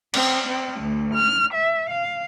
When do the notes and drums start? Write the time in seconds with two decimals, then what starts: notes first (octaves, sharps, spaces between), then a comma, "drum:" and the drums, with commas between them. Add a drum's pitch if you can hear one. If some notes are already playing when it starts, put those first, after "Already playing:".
0.14 C4, drum: cymbal
0.47 C4
0.79 D2
1.14 F6
1.53 E5
1.89 F5